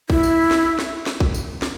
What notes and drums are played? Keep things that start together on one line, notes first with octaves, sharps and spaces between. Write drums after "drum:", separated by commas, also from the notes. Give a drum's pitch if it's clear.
E4, drum: kick
drum: tambourine
drum: snare
drum: snare
drum: snare
drum: kick
drum: tambourine
drum: snare